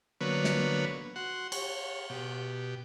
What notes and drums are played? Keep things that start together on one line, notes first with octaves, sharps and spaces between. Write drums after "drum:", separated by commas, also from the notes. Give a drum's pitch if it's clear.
D3 F#3 A#3 B3 B4 C#5
drum: snare
F#4 F#5 C6
C#5, drum: cymbal
B2 G4